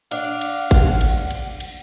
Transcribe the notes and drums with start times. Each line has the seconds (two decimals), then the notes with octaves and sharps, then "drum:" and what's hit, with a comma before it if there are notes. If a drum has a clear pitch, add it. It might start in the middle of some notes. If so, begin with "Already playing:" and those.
0.11 D4 D5 F5 F#5, drum: cymbal
0.41 drum: cymbal
0.71 drum: kick G#1, cymbal
1.01 drum: cymbal
1.31 drum: cymbal
1.60 drum: cymbal